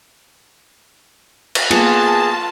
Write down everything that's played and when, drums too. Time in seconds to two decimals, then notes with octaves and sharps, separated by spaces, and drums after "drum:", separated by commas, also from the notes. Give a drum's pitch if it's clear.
1.55 drum: cymbal
1.71 A#3 B3 F4 G#4 A5, drum: cymbal